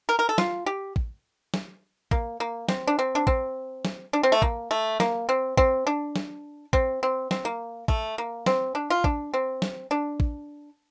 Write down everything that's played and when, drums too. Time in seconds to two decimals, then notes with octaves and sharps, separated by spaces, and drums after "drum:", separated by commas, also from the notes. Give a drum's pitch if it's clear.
0.09 A#4
0.19 A#4
0.29 A4
0.38 F4, drum: snare
0.66 G4
0.96 drum: kick A1
1.54 drum: snare
2.11 A#3, drum: kick A1
2.40 A#3
2.69 C4, drum: snare
2.87 D4
2.99 C4
3.15 D4
3.27 C4, drum: kick A1
3.85 drum: snare
4.13 D4
4.23 C4
4.32 A3
4.42 A#3, drum: kick A1
4.71 A3
5.00 A#3, drum: snare
5.29 C4
5.57 C4, drum: kick A1
5.87 D4
6.16 drum: snare
6.73 C4, drum: kick A1
7.03 C4
7.31 C4, drum: snare
7.45 A#3
7.88 A3, drum: kick A1
8.18 A#3
8.46 C4, drum: snare
8.75 D4
8.90 F4
9.04 D4, drum: kick A1
9.34 C4
9.62 drum: snare
9.91 D4
10.20 drum: kick A1